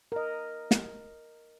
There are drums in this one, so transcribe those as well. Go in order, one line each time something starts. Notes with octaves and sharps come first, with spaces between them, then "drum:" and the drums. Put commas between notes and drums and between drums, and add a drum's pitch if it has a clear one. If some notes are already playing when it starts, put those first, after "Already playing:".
A#4 D#5
drum: snare